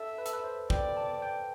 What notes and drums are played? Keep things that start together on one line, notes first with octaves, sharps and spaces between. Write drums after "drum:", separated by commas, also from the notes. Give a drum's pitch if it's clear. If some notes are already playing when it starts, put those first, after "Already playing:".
Already playing: A4 E5
B4
A4, drum: hi-hat
B4
C5
D5 G5, drum: kick
A5
G5